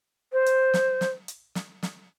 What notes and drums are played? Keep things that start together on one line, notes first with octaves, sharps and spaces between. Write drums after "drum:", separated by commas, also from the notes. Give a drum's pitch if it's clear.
C5
drum: hi-hat
drum: snare
drum: snare
drum: hi-hat
drum: snare
drum: snare